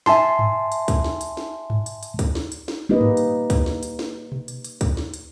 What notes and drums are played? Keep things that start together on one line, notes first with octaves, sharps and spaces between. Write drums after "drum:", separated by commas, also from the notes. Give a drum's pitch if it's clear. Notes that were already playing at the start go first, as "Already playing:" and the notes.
E5 G#5 A5 C6, drum: snare
drum: tom G2
drum: hi-hat
drum: kick C#2, hi-hat
drum: snare
drum: hi-hat
drum: snare
drum: tom G2
drum: hi-hat
drum: hi-hat
drum: kick C#2, hi-hat
drum: snare
drum: hi-hat
drum: snare
A#3 D#4 G4 B4 D#5
drum: tom G2
drum: hi-hat
drum: kick C#2, hi-hat
drum: snare
drum: hi-hat
drum: snare
drum: tom B2
drum: hi-hat
drum: hi-hat
drum: kick C#2, hi-hat
drum: snare
drum: hi-hat